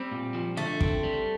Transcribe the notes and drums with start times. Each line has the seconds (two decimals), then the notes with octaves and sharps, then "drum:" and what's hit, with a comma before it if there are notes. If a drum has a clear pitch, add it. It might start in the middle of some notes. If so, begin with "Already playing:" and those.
Already playing: G3 C4
0.11 A#2
0.34 F3
0.57 D3 A3
0.80 C4, drum: kick
1.03 G3